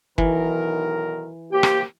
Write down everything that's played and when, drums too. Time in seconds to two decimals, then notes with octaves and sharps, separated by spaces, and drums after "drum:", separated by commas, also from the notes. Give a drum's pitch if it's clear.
0.18 B1 D#3 E3 A#4, drum: kick
1.52 A#3 G4 C5 G5
1.63 drum: rim click